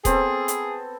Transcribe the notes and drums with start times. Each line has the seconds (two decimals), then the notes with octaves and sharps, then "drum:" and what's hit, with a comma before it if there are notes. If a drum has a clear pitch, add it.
0.05 B3 C4 G#4 A4, drum: kick D#1, hi-hat
0.48 drum: hi-hat